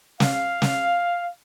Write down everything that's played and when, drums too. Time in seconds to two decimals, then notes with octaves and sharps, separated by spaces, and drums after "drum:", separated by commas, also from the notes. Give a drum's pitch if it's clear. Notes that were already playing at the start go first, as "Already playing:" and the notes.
0.20 F5, drum: snare
0.62 drum: snare